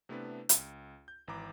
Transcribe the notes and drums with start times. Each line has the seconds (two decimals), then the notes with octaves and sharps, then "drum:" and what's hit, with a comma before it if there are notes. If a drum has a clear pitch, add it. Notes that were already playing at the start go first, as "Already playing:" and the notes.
0.09 C3 A3 B3 D4 E4 B4
0.49 C#2, drum: hi-hat
1.08 G6
1.28 G#1 E3 A#5 D6